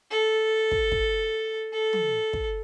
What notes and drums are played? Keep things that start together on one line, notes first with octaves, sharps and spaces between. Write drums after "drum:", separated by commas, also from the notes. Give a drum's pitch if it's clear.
A4
drum: kick
drum: kick
A4
drum: tom
drum: kick